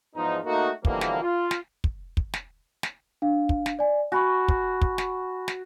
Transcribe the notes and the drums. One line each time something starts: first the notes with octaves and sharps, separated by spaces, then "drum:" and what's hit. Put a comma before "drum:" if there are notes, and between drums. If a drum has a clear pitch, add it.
E2 G#2 F3 B3 D#4
A3 A#3 D#4 F#4
B2 D3 E3 F3 G3 A#3, drum: kick
drum: snare
F4
drum: snare
drum: kick
drum: kick
drum: snare
drum: snare
D4 F5
drum: kick
drum: snare
D5 G#5
F#4 G#5 B5 C#6
drum: kick
drum: kick
drum: snare
drum: snare